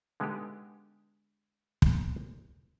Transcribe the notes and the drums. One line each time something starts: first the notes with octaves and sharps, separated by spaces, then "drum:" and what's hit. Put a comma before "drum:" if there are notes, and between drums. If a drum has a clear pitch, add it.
D3 G#3 B3 D#4 G4
drum: kick